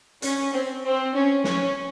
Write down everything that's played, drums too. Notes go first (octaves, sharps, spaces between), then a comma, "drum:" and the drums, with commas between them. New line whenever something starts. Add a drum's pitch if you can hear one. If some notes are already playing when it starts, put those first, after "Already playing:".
C#4, drum: hi-hat
C4
C4
C#4
C#4, drum: snare